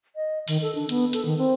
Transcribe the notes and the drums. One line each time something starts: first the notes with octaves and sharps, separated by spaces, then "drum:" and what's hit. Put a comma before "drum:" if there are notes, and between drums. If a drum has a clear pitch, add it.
D#5
D#3, drum: open hi-hat
A4
D4
B3, drum: hi-hat
A4, drum: hi-hat
D#3
C4